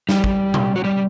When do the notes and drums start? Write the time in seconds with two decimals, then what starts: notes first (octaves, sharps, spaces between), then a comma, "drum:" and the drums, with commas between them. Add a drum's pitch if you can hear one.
0.09 G3 G4, drum: snare G3
0.24 drum: kick
0.54 drum: tom B2
0.76 F#4
0.84 G3 G4